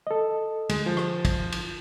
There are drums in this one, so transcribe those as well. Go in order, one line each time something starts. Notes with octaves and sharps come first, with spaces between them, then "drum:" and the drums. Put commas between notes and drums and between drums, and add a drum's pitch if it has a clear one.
A4 D#5
D2 G#3, drum: cymbal
F3
drum: rim click
drum: kick, cymbal
drum: cymbal